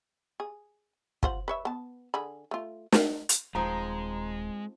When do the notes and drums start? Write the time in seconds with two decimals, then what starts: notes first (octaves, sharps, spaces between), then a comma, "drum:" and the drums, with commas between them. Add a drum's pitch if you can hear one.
0.40 G#4
1.23 F4 C5 F#5, drum: kick
1.48 B4 C#5 E5
1.65 B3 A5
2.14 D3 G#4 B5
2.51 A3 F4
2.92 drum: snare
3.29 drum: hi-hat
3.55 D#1 F3 G#3 C4 D#4 A#5